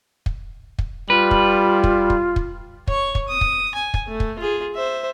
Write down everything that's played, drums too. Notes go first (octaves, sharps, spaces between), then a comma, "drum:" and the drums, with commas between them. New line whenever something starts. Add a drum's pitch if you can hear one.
drum: kick
drum: kick
G3 F4 B4
drum: kick
drum: kick
drum: kick
drum: kick
C#5 C#6, drum: kick
drum: kick
D#6
drum: kick
G#5
drum: kick
A3
drum: kick
F4 G#4
C5 E5